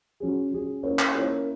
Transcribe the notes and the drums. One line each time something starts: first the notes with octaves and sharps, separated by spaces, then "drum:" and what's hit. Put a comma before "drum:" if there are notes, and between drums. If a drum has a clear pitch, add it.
F#3 C#4 G#4
F#3 C#4 G#4
A#3 C#4 E4 A#4 C#5
drum: clap
A#3 C#4 E4 A#4 C#5